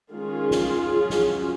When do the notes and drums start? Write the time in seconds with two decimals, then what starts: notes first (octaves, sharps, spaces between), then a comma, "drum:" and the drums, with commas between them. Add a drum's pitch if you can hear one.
0.12 D#3 G#3 C#4 F4 G#4
0.51 drum: snare
0.91 F#3 C#4
1.10 drum: snare